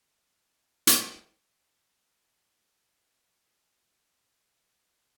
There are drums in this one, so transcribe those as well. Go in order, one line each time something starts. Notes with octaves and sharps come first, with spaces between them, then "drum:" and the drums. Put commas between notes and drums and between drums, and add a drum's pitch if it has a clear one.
E6
drum: hi-hat
F3 A#3
C2